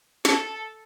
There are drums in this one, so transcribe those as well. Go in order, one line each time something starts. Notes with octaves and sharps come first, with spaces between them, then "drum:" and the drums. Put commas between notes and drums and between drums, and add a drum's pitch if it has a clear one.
A4, drum: snare